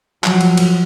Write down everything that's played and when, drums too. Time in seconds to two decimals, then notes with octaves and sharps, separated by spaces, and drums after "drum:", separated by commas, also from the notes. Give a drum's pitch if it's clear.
0.24 F3 F#3, drum: clap
0.41 drum: cymbal
0.57 drum: cymbal